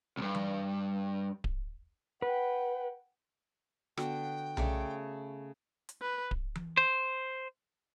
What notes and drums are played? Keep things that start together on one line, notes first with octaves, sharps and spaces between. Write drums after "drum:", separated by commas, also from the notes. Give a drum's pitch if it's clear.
C2 G2
drum: tom E3
drum: kick D1
B4 F#5 G5
D3 B3 F#4 G5, drum: rim click
C#3 A3 D5, drum: tom B1
drum: hi-hat
B4
drum: kick D1
drum: tom E3
C5